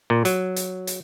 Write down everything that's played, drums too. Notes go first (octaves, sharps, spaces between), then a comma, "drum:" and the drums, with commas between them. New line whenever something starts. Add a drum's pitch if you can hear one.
A#2
F#3, drum: hi-hat
drum: hi-hat
drum: hi-hat